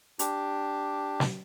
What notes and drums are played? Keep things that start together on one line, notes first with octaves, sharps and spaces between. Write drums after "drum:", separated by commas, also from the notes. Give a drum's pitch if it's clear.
D4 G4, drum: hi-hat
drum: snare